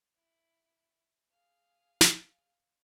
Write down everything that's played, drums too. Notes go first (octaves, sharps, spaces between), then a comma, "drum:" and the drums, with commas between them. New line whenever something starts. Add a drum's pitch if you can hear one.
E4
G#4 F5
drum: snare